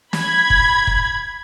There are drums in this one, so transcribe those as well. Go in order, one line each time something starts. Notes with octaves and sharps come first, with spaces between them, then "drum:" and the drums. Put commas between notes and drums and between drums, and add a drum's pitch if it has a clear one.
B5 G#6, drum: snare
drum: kick
drum: kick